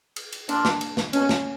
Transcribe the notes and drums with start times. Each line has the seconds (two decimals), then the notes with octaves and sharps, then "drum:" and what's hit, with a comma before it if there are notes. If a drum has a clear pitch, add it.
0.16 drum: cymbal
0.32 drum: cymbal
0.49 A#2 D4, drum: cymbal
0.65 drum: snare
0.81 drum: cymbal
0.97 drum: snare
1.13 B2 C#4, drum: cymbal
1.29 drum: snare